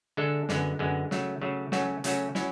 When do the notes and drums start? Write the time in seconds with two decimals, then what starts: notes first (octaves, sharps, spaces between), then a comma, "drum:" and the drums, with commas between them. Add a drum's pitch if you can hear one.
0.17 D3 G#3 D4 A4 E5
0.49 F#2 D3 G#3 B3, drum: snare
0.79 F#2 D3 G#3 B3
1.11 C#3 F#3 A3, drum: snare
1.41 C#3 F#3 A3
1.72 C#3 F#3 A3 C#4 F#4, drum: snare
2.04 C#3 F#3 A3 C#4 F#4, drum: hi-hat
2.35 F#3 C#4 E4, drum: snare